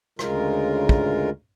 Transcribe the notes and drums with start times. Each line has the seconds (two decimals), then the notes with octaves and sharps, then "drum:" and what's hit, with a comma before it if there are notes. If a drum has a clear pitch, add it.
0.19 D2 C#3 G#3 F4 A#4, drum: rim click
0.89 drum: kick